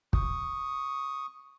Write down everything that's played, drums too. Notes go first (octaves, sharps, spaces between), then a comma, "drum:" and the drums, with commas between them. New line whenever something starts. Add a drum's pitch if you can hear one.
C#6 D#6, drum: kick